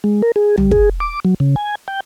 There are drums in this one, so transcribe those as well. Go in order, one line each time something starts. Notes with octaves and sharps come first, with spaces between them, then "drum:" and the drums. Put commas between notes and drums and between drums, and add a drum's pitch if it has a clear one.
G#3
A#4
G#4
G3, drum: tom
G#4, drum: kick
D6
F#3
C#3
G#5
G5